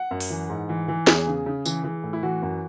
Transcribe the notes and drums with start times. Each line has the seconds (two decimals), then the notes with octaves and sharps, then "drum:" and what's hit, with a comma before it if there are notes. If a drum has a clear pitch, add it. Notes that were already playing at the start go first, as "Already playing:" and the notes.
Already playing: F#5
0.11 F#2
0.21 drum: open hi-hat
0.30 E3
0.49 G#2
0.69 E3
0.88 E3
1.07 E2 G#4, drum: snare
1.27 C#3
1.46 C#3
1.65 E3, drum: tambourine
1.84 E3
2.03 A2
2.13 E4
2.23 E3 F#4
2.42 F#2